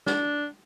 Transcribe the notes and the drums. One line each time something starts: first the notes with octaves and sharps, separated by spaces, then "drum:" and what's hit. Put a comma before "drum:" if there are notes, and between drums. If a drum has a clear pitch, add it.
D4, drum: snare